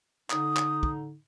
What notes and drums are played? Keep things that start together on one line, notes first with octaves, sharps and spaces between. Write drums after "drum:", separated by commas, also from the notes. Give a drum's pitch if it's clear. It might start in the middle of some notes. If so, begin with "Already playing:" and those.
D3 D#4 D#6, drum: clap
drum: clap
drum: kick